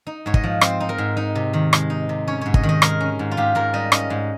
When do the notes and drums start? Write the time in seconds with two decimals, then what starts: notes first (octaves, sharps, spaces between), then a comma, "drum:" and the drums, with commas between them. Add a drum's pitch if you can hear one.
0.07 D#4
0.26 G#2 C#5
0.34 D#5, drum: kick
0.44 F3
0.61 C4 C5, drum: rim click
0.80 D#4
0.89 A#4
0.98 G#2
1.17 D#4
1.35 C3
1.53 D#3
1.73 G#3, drum: rim click
1.90 D#4
2.09 C3
2.27 C#4 C#5
2.41 G#2 C#5
2.54 D#5, drum: kick
2.63 D#3
2.69 D#5
2.82 G#3 A#4, drum: rim click
3.00 C#4
3.19 G#2
3.31 F4
3.37 G#2 G4
3.55 G#2 A#4
3.74 G3 D#5
3.92 C#4 D#5, drum: rim click
4.10 G#2